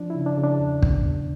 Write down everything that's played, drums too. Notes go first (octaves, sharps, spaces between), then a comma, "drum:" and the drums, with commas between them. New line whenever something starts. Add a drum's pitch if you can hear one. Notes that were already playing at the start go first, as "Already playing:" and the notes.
Already playing: F3 D4
E4
C#3
D4
C#3
D4
E2
E2, drum: kick
E2